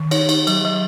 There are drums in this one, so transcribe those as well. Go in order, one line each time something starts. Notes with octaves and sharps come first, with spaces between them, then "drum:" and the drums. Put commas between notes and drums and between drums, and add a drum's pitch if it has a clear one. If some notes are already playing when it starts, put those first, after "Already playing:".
Already playing: D#3
D#4 C#5, drum: cymbal
D#4, drum: cymbal
F#3, drum: cymbal
F#3